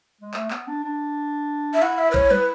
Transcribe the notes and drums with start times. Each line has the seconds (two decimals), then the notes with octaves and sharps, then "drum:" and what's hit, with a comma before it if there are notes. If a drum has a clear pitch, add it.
0.21 G#3
0.34 A3, drum: clap
0.51 B3, drum: clap
0.68 D4
0.84 D4
1.74 E5
1.81 E4 F#5
1.98 E5
2.11 B4
2.14 C#5, drum: kick A#1
2.31 B4, drum: tom F#3